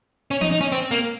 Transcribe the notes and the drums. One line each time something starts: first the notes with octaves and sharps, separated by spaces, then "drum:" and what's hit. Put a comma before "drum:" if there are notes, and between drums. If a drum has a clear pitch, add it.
C#4, drum: tambourine
D#4, drum: tom E3
D#4
C#4, drum: tambourine
C4, drum: tambourine
A#3